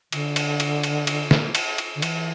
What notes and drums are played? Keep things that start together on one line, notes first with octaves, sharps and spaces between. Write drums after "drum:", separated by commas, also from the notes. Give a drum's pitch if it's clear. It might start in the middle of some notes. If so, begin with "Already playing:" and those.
D3, drum: cymbal
drum: cymbal
drum: cymbal
drum: cymbal
drum: cymbal
drum: snare
drum: cymbal
drum: cymbal
D3
E3, drum: cymbal